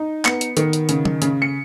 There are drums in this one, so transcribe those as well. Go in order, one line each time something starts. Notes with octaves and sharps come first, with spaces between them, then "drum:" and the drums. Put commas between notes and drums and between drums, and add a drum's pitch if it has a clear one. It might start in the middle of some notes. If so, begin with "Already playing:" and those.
Already playing: D#4
B3 C#7, drum: clap
drum: hi-hat
D#3, drum: hi-hat
drum: hi-hat
C#3, drum: hi-hat
drum: tom
C#3, drum: hi-hat
C#7